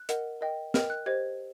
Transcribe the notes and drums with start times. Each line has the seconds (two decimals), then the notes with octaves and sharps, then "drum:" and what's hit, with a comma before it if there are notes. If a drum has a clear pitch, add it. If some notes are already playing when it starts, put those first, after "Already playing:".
Already playing: F#6
0.09 A#4 D#5 F#5, drum: hi-hat
0.41 A#4 D#5 G5
0.74 A#4 D#5 G5 F6, drum: snare
0.90 F#6
1.06 G4 C5 D#5 G#6